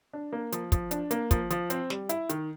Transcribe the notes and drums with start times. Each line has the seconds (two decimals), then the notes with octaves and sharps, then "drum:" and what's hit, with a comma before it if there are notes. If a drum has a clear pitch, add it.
0.13 D4
0.33 A#3
0.52 F3, drum: hi-hat
0.72 F3, drum: kick, hi-hat
0.91 D4, drum: hi-hat
1.11 A#3, drum: hi-hat
1.31 F3, drum: kick, hi-hat
1.50 F3, drum: hi-hat
1.70 C4, drum: hi-hat
1.90 G3, drum: snare
2.09 E4, drum: hi-hat
2.29 D#3, drum: hi-hat